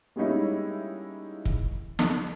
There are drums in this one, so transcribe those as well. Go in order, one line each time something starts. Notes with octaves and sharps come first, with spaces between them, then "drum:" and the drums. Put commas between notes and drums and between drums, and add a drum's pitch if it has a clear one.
G3 G#3 A#3 C#4 D#4 E4
drum: kick
drum: snare